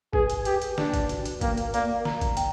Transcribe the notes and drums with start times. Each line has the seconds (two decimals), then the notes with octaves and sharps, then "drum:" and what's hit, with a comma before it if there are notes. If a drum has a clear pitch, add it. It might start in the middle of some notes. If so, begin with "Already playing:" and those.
0.13 G#4 B4, drum: kick G#1
0.30 drum: hi-hat
0.45 G4 B4, drum: hi-hat
0.62 drum: hi-hat
0.78 D4 D5, drum: snare D#3
0.94 drum: kick G#1, hi-hat
1.09 F#4, drum: hi-hat
1.25 drum: hi-hat
1.41 A#3 G5, drum: kick G#1, hi-hat
1.57 drum: hi-hat
1.74 A#3 D5, drum: hi-hat
2.05 A#5, drum: snare D#3
2.21 drum: kick G#1, hi-hat
2.37 G5, drum: hi-hat